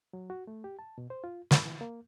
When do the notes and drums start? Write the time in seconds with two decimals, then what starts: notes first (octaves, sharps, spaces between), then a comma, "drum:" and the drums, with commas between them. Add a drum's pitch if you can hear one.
0.13 F#3
0.30 F#4
0.47 A3
0.64 G4
0.79 A5
0.98 B2
1.10 C5
1.24 F4
1.51 G2, drum: snare
1.65 E3
1.81 A#3